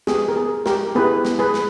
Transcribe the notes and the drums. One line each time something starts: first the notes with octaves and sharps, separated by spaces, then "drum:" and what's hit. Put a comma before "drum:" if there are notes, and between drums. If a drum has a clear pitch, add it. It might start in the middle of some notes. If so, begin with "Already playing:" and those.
B3 G4 G#4, drum: snare
A#4
G#4
G4 A#4, drum: snare
B3 E4 G4 G#4 B4
drum: snare
G#4 B4
drum: snare